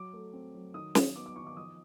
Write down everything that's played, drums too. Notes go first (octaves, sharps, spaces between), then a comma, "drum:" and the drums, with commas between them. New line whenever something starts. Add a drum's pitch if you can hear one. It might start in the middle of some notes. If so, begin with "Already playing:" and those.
Already playing: F#3 D6
A3
C4
F#3
D#3 D#6
F#3, drum: snare
B3 D6
D6
D#3 C#6
D6
F3 D#6